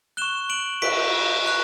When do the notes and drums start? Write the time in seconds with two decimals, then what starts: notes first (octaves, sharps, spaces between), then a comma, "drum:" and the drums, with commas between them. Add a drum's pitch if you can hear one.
0.17 C#6 F#6 E7 G7
0.50 D7 F#7
0.82 C#6 F#6 B6 D7, drum: cymbal
1.46 C#6 F#6